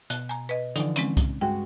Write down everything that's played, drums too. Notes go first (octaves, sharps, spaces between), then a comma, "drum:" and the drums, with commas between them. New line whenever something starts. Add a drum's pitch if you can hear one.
B2 F#6, drum: hi-hat
G#5 A#5
B4 D#5
D3 E3 F3 D#4 D5, drum: hi-hat
G#3 C4 C#4, drum: hi-hat
drum: kick C2, hi-hat
G2 G#3 F#4 G5